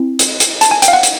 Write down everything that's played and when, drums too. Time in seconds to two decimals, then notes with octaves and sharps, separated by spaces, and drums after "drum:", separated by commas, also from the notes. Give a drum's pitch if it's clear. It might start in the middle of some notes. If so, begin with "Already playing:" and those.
Already playing: C4 E4
0.19 drum: hi-hat
0.40 drum: hi-hat
0.61 A5, drum: hi-hat
0.71 G#5
0.82 G5, drum: hi-hat
0.88 F5
0.93 F#5
1.03 drum: hi-hat